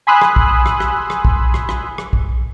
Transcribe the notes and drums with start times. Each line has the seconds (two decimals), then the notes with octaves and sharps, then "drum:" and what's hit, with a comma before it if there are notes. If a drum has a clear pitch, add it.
0.07 G#5 B5 C6 D#6 E6 F#6
0.22 drum: rim click
0.36 drum: kick
0.66 drum: rim click
0.80 drum: rim click
1.10 drum: rim click
1.25 drum: kick
1.54 drum: rim click
1.69 drum: rim click
1.98 drum: rim click
2.13 drum: kick